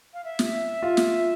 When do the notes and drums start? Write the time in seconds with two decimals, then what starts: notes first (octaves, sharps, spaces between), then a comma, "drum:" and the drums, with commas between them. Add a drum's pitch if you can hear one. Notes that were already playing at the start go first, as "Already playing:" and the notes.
0.14 F5
0.24 E5
0.39 drum: snare
0.83 F4
0.97 drum: snare